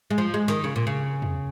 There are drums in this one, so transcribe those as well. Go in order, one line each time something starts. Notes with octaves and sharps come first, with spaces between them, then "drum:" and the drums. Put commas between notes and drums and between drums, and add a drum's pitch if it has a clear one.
G#3
F3
G#3
D#3, drum: snare
C#3
A#2
C#3
drum: tom E2